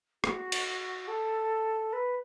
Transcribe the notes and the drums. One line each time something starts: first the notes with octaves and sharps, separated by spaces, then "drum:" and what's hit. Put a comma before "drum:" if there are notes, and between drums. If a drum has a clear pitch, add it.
F#4, drum: rim click
drum: cymbal
A4
B4